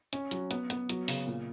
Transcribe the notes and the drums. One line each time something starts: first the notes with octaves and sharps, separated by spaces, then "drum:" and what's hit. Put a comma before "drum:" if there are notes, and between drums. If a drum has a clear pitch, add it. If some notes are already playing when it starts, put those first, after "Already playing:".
C#4, drum: hi-hat
F#3, drum: hi-hat
B3, drum: hi-hat
B3, drum: hi-hat
F#3, drum: hi-hat
C#3, drum: open hi-hat
A#2